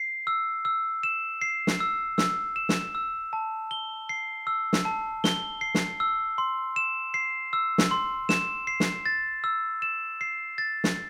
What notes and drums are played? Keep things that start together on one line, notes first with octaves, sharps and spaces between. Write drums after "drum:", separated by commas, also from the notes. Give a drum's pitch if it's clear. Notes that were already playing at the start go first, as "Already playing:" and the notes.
Already playing: C7
E6
E6
E7
C7
drum: snare
E6
E6, drum: snare
E7
drum: snare
E6
A5
G7
C7
E6
drum: snare
A5
G7, drum: snare
C7
drum: snare
E6
C6
E7
C7
E6
drum: snare
C6
E7, drum: snare
C7
drum: snare
A6
E6
E7
C7
A6
drum: snare